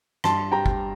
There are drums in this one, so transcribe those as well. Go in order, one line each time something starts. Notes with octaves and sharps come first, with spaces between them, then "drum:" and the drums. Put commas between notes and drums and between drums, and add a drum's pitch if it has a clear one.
G2 A5 C6, drum: rim click
G3 G5 A#5
drum: kick